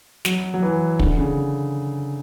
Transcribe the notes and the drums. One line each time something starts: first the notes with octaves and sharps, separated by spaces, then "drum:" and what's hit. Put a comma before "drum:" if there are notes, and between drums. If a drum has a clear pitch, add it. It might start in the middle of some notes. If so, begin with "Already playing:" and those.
F#3, drum: snare
F#3
E3
D3, drum: kick
C#3